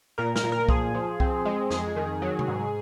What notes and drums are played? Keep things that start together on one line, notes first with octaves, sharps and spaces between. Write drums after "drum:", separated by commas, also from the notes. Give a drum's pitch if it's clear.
A#2 A#4
A#4, drum: snare
A#2
A#4
F3 G#4, drum: kick C2
F3
C4, drum: kick C2
G#3
F2 G#4, drum: snare
D#3
F#3
drum: tom C3
G#2